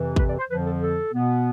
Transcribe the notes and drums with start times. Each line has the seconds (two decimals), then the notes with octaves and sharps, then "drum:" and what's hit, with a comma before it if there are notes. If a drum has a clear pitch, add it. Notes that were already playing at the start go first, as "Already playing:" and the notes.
Already playing: F2 C3 E3
0.16 B4, drum: kick
0.27 D5
0.39 C5
0.49 F2 D3 F3 B4
0.64 A4
0.81 A4
1.12 B2 B3